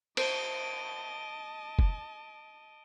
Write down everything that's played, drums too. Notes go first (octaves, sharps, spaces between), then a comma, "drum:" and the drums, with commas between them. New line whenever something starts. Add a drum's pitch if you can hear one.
C5 D#5 A5 D7 D#7 G7, drum: cymbal
drum: kick F1